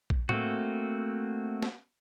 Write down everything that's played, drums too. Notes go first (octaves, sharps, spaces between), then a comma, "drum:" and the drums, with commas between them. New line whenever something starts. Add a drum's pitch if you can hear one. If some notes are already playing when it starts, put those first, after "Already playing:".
drum: kick A#1
A3 A#3 C4 F#4, drum: tom A2
drum: snare